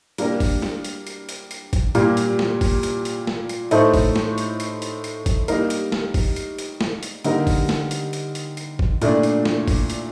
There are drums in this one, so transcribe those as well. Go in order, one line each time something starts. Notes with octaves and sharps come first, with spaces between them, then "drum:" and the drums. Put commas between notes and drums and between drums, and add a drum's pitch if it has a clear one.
G3 A#3 D4 G4 A#4, drum: hi-hat
drum: kick, open hi-hat
drum: snare A3
drum: hi-hat
drum: hi-hat
drum: hi-hat
drum: hi-hat
drum: kick, hi-hat
A#2 G3 A#3, drum: hi-hat
drum: hi-hat
drum: snare A3
drum: kick, open hi-hat
drum: hi-hat
drum: hi-hat
drum: snare A3
drum: hi-hat
A2 A3 D#4 A4 C5, drum: hi-hat
drum: kick, open hi-hat
drum: snare A3
drum: hi-hat
drum: hi-hat
drum: hi-hat
drum: hi-hat
drum: kick, hi-hat
G3 A#3 D#4 A#4, drum: hi-hat
drum: hi-hat
drum: snare A3
drum: kick, open hi-hat
drum: hi-hat
drum: hi-hat
drum: snare A3
drum: hi-hat
D3 G3 A#3 D#4 A#4, drum: hi-hat
drum: kick, open hi-hat
drum: snare A3
drum: hi-hat
drum: hi-hat
drum: hi-hat
drum: hi-hat
drum: kick
A#2 A3 D4, drum: hi-hat
drum: hi-hat
drum: snare A3
drum: kick, open hi-hat
drum: hi-hat